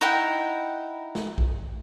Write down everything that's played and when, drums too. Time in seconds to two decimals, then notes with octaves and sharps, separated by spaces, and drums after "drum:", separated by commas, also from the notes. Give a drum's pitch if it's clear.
0.01 D#4 E4 F#5 G5
1.15 drum: snare
1.38 drum: kick A#1